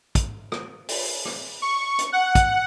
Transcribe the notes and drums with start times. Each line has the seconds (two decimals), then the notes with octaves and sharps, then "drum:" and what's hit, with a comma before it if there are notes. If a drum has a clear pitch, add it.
0.15 drum: kick, hi-hat
0.52 drum: rim click
0.89 drum: open hi-hat
1.25 drum: rim click
1.62 C#6
1.99 drum: hi-hat
2.12 F#5
2.35 drum: kick, hi-hat